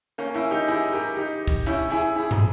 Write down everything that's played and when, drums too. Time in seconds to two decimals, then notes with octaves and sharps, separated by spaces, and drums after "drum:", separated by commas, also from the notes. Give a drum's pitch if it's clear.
0.18 A#3 C#4
0.34 C#4 E4
0.51 D#4 G4
0.68 E4 G#4
0.92 G4 A#4
1.17 D#4 G4
1.47 drum: kick
1.66 C#4 E4, drum: hi-hat
1.90 E4 G#4
2.16 E4 G#4
2.31 drum: tom